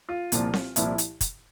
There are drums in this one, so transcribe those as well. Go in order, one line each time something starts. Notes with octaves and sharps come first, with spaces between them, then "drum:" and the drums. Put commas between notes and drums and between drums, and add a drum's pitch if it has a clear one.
F4
C2 A#2 F3, drum: hi-hat
drum: snare C4
C2 A#2 F3 E4, drum: hi-hat
drum: hi-hat
drum: kick, hi-hat